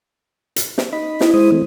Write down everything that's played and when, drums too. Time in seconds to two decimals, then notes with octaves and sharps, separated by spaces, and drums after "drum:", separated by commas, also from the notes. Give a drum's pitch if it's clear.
0.56 drum: hi-hat
0.78 drum: snare
0.93 D#4 D#5 B5
1.21 E4, drum: snare
1.34 G#3 C5 D#6
1.52 E3 A3 C4